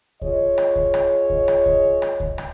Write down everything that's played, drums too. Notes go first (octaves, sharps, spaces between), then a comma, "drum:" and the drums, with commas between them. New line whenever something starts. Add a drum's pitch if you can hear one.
F4 G#4 C#5 D#5, drum: kick C#2
drum: rim click
drum: kick C#2
drum: rim click
drum: kick C#2
drum: rim click
drum: kick C#2
drum: rim click
drum: kick C#2
drum: rim click